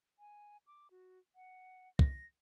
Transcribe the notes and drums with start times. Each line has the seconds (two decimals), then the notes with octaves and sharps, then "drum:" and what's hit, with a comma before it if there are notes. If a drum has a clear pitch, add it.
0.19 G#5
0.67 D6
0.91 F#4
1.36 F#5
1.99 A#6, drum: kick